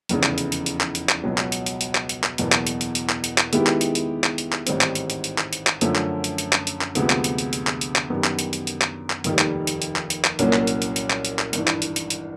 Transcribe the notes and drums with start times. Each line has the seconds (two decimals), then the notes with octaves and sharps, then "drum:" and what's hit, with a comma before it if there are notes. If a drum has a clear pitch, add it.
0.09 F1 E2 C#3, drum: hi-hat
0.23 drum: clap
0.38 drum: hi-hat
0.52 drum: hi-hat
0.66 drum: hi-hat
0.81 drum: clap
0.95 drum: hi-hat
1.09 drum: clap
1.23 C#2 B2 F#3
1.38 drum: clap
1.52 drum: hi-hat
1.66 drum: hi-hat
1.81 drum: hi-hat
1.95 drum: clap
2.09 drum: hi-hat
2.24 drum: clap
2.38 F#1 E2 B2, drum: hi-hat
2.52 drum: clap
2.67 drum: hi-hat
2.81 drum: hi-hat
2.95 drum: hi-hat
3.09 drum: clap
3.24 drum: hi-hat
3.38 drum: clap
3.53 D#3 G#3 B3 E4 G4, drum: hi-hat
3.67 drum: clap
3.81 drum: hi-hat
3.95 drum: hi-hat
4.24 drum: clap
4.38 drum: hi-hat
4.52 drum: clap
4.67 A1 G#2 D#3 G3 C4, drum: hi-hat
4.81 drum: clap
4.95 drum: hi-hat
5.10 drum: hi-hat
5.24 drum: hi-hat
5.38 drum: clap
5.53 drum: hi-hat
5.67 drum: clap
5.81 F#2 D3 F3 A3 C#4, drum: hi-hat
5.95 drum: clap
6.24 drum: hi-hat
6.38 drum: hi-hat
6.53 drum: clap
6.67 drum: hi-hat
6.81 drum: clap
6.95 D2 C3 F3 G#3 B3, drum: hi-hat
7.10 drum: clap
7.24 drum: hi-hat
7.38 drum: hi-hat
7.53 drum: hi-hat
7.67 drum: clap
7.81 drum: hi-hat
7.96 drum: clap
8.10 F#2 D#3 G3 B3
8.24 drum: clap
8.39 drum: hi-hat
8.53 drum: hi-hat
8.67 drum: hi-hat
8.81 drum: clap
9.10 drum: clap
9.24 F1 D#2 D#3 G3, drum: hi-hat
9.39 drum: clap
9.67 drum: hi-hat
9.82 drum: hi-hat
9.96 drum: clap
10.10 drum: hi-hat
10.25 drum: clap
10.39 C2 A#2 F#3 A#3 C#4, drum: hi-hat
10.53 drum: clap
10.67 drum: hi-hat
10.82 drum: hi-hat
10.96 drum: hi-hat
11.10 drum: clap
11.25 drum: hi-hat
11.39 drum: clap
11.53 G#1 G2 E3, drum: hi-hat
11.68 drum: clap
11.82 drum: hi-hat
11.96 drum: hi-hat
12.10 drum: hi-hat